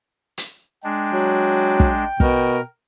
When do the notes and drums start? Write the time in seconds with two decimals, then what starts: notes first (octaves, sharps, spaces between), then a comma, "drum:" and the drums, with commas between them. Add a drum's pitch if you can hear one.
0.38 drum: hi-hat
0.84 G#3 D4 G5
1.13 F#3
1.80 drum: kick
2.20 B2 A#4, drum: kick